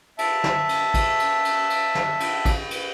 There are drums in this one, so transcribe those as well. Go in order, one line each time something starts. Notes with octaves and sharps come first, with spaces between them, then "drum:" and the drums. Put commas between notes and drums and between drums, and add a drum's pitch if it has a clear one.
E5 A5, drum: cymbal
drum: snare
drum: cymbal
drum: kick, cymbal
drum: cymbal
drum: cymbal
drum: cymbal
drum: snare
drum: cymbal
drum: kick, cymbal
drum: cymbal